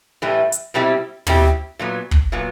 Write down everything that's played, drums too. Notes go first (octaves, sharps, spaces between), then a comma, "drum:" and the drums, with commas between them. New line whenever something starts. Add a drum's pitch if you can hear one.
A2 E3 G3
drum: hi-hat
B2 G3 C4 E4 G4
B2 G3 C4 E4 G4, drum: tom
A#2 F#3 B3
drum: kick
A#2 F#3 B3